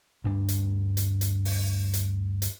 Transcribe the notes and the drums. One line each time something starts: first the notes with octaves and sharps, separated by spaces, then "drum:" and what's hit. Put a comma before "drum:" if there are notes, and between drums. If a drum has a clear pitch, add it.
D2 G2 D4
drum: hi-hat
drum: hi-hat
drum: hi-hat
drum: open hi-hat
drum: hi-hat
drum: hi-hat